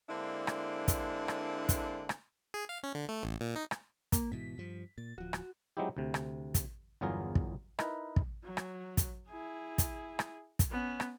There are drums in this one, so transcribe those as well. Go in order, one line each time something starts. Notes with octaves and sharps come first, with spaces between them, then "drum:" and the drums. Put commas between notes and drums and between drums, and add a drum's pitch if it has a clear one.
D3 G#3 A#3 C4 D4 E4
drum: rim click
drum: kick, hi-hat
drum: rim click
drum: kick, hi-hat
drum: rim click
G#4
F5
C#4
D3
A3
A1
A#2
D#4
drum: rim click
A#3, drum: kick, hi-hat
G#2 B2 E3 B6
G2 F3
A#2 A6
D1 F3 F#4
drum: rim click
F#3 G#3 C4 D#4 E4 G4
D2 C3
drum: rim click
drum: kick, hi-hat
G1 E2 F#3 F4 G#4 A#4
drum: kick
D#4 E4 A#4 B4 D#5, drum: rim click
drum: kick
F#3
drum: rim click
drum: kick, hi-hat
E4 G#4
drum: kick, hi-hat
drum: rim click
drum: kick, hi-hat
B3 C#4
drum: rim click